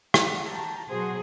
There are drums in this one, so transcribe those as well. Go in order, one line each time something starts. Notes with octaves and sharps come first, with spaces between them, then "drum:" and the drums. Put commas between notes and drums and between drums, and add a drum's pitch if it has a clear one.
F#5, drum: rim click
G4 A5 A#5
B2 F#3 F#4 G#4 C5 C6